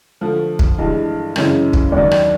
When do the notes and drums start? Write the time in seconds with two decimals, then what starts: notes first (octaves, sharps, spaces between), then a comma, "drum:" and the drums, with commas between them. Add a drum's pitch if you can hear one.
0.21 D3 F3 A3
0.59 drum: kick
0.78 G2 E3 G#3
1.36 F#2 C#3 E3 G#3 C#4, drum: rim click
1.73 drum: kick
1.92 D#2 D#3 F#3 D5
2.11 drum: rim click